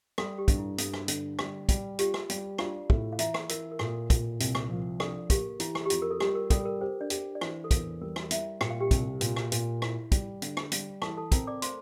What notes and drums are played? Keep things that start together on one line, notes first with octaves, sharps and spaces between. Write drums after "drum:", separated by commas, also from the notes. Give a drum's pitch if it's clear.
G3 A4, drum: rim click
G4
G2, drum: kick, hi-hat
E4
G2 A4, drum: hi-hat
drum: rim click
D3, drum: hi-hat
G3, drum: rim click
G3, drum: kick, hi-hat
F4 G4, drum: hi-hat
drum: rim click
G3, drum: hi-hat
D4 F4 F5, drum: rim click
A2, drum: kick
F5
E3 E4 E5, drum: hi-hat
drum: rim click
E3 A#4, drum: hi-hat
A#4
A#2 A4, drum: rim click
A#2, drum: kick, hi-hat
C2, drum: hi-hat
drum: rim click
F3
D4 A4, drum: rim click
A#3 G4, drum: kick, hi-hat
E3 E4, drum: hi-hat
drum: rim click
G4
F2 F4, drum: hi-hat
A#4
A4
G3 G4, drum: rim click
A#4
G3 A4, drum: kick, hi-hat
A#4
G4 C5
D4 D5
G4, drum: hi-hat
D5
E3 C5, drum: rim click
A4
E2 A#4, drum: kick, hi-hat
G3 A#4
drum: rim click
G3 E4 E5, drum: hi-hat
A#2 G5, drum: rim click
F5
G4 G5
C2, drum: kick, hi-hat
A#2, drum: hi-hat
drum: rim click
A#2, drum: hi-hat
E4, drum: rim click
G3, drum: kick, hi-hat
D3, drum: hi-hat
drum: rim click
G3, drum: hi-hat
E3 A4 A5, drum: rim click
A4 A5
C4 A#4 A#5, drum: kick, hi-hat
D5 D6
A3 C5 C6, drum: hi-hat